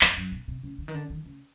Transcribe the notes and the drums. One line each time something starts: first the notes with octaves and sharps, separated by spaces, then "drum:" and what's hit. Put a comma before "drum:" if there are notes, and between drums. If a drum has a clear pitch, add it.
F2, drum: clap
F#2
B2
C3
C#3
D3
D#3
D3
D#3
C#3